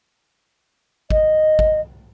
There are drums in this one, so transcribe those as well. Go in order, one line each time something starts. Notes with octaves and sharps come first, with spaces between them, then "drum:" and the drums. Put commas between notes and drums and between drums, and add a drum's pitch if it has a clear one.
D#5, drum: kick
drum: kick